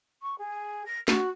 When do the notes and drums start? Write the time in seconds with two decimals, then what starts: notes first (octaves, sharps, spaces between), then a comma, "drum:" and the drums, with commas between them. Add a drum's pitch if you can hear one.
0.22 C#6
0.38 G#4
0.86 A#6
1.08 F#4, drum: snare